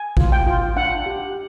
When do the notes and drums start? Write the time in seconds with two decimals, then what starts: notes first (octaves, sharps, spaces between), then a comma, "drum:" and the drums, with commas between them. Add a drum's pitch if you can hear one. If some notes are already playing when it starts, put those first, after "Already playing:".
Already playing: G#5
0.17 F4, drum: kick
0.32 G5
0.47 F4
0.76 D4 F#5
1.06 G4